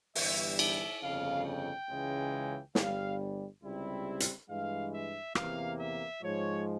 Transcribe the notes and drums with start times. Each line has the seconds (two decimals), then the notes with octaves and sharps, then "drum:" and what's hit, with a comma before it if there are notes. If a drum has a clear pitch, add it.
0.15 G1 G2 E3 G3 E5, drum: open hi-hat
0.59 E5, drum: cymbal
1.02 G1 F2 C#3 F5
1.46 G5
1.89 C#2 C#3 E3 G#3
2.75 G1 G2 G3 F5, drum: snare
3.62 C#2 C3 G3 C4 E4
4.20 drum: hi-hat
4.49 G2 E3 G#3 F5
4.92 E5
5.35 E2 C3 E3 A#3 F5, drum: rim click
5.79 E5
6.22 G#2 F3 G#3 C#5